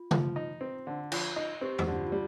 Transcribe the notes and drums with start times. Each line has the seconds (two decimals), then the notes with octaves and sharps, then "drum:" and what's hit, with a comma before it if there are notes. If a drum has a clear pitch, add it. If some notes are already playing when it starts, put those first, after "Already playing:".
Already playing: F4
0.11 F3, drum: tom C#3
0.36 D#4
0.61 C4
0.87 D3
1.12 F3, drum: cymbal
1.36 D#4
1.61 C4 G4
1.78 G4, drum: tom E2
1.87 D3
1.96 F4
2.07 F4
2.12 G3